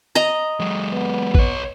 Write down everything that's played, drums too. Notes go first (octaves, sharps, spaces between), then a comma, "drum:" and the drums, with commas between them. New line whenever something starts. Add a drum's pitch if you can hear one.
D#5 A#5
F#3 G#3
B3
B4 C#5, drum: kick